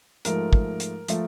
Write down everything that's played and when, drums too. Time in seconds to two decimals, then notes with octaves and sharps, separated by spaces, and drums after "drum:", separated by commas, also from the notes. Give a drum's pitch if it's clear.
0.25 G#2 F3 A3 A#4, drum: hi-hat
0.53 drum: kick
0.80 drum: hi-hat
1.08 F3 A3, drum: hi-hat